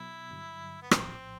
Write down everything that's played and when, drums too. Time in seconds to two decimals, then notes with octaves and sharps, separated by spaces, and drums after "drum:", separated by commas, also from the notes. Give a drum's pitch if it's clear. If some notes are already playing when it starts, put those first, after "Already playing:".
Already playing: B2 F#3 B3 E4
0.31 G2 D3 F#3
0.82 B3
0.91 A#1 A2 F3 C4, drum: rim click